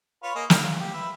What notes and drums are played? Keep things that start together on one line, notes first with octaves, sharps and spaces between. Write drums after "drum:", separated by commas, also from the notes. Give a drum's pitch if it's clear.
F4 B4 C#5
A#3 G#4 D#5
E4 F4 F5, drum: snare
F4
G4
B4 E5